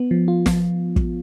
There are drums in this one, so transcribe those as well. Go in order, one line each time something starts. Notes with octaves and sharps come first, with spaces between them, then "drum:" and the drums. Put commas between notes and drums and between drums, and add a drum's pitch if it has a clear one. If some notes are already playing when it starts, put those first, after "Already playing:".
Already playing: B3
F3
F4
F3, drum: snare
drum: kick